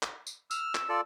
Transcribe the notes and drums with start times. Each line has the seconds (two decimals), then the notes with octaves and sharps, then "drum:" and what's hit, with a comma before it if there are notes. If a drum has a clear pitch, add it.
0.03 drum: clap
0.27 drum: tambourine
0.51 E6 F6, drum: tambourine
0.75 drum: clap
0.89 F4 A4 D5